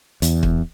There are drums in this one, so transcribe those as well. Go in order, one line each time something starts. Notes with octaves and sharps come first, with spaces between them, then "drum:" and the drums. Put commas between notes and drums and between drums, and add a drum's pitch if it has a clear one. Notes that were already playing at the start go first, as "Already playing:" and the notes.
E2, drum: hi-hat
drum: kick